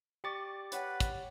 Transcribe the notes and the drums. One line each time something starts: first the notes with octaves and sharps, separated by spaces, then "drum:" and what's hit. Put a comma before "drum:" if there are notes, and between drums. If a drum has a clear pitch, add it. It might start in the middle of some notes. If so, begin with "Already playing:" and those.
G4 D5 C#6 A6
B4 C#5 F#5 G5, drum: hi-hat
drum: kick, hi-hat